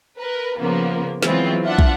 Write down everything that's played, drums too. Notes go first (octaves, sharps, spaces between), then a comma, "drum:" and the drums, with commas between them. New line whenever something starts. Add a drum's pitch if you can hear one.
A#4 B4
C#3 F3 A#3 B3
E3 F#3 G#3 B3 C4 F4, drum: snare
D4 F4 E5 F#5
drum: kick